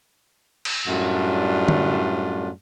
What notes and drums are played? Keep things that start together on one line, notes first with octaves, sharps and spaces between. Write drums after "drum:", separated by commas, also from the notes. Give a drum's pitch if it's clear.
drum: cymbal
F#2 A2 G3 A3 D4 F4
drum: tom D3